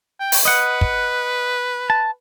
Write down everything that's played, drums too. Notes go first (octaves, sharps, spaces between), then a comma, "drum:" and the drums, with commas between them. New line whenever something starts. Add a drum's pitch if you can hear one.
G5
drum: open hi-hat
B4 D#5 F#5
drum: kick
A5